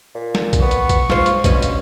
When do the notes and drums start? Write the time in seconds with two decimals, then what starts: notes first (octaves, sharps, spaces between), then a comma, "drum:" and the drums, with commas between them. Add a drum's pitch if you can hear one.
0.15 A#2
0.35 drum: snare
0.53 drum: kick B1, hi-hat
0.62 B3 C#6
0.71 drum: hi-hat
0.89 drum: kick B1, hi-hat
1.10 G#3 F4 C5, drum: snare
1.26 drum: hi-hat
1.44 G2 B2 C#4, drum: kick B1, hi-hat
1.62 drum: hi-hat